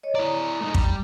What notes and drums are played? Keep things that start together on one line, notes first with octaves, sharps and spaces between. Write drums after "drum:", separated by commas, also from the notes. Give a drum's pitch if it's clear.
C#5 D#5
E4 D5 A#5
A3 D#4
G3, drum: kick